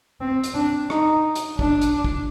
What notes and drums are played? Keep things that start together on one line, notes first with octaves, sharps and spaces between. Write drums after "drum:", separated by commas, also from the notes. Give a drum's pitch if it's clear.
C4
drum: hi-hat
D4
D#4, drum: rim click
drum: hi-hat
D4, drum: kick
drum: hi-hat
drum: kick